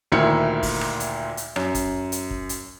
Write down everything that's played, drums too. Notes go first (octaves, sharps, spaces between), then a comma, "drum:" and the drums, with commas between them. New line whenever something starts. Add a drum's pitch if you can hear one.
D2 A#2 D#3 E4 A#4 C#7
drum: kick, open hi-hat
drum: rim click
drum: hi-hat
drum: hi-hat
F#2, drum: rim click
drum: kick, hi-hat
drum: hi-hat
drum: kick
drum: hi-hat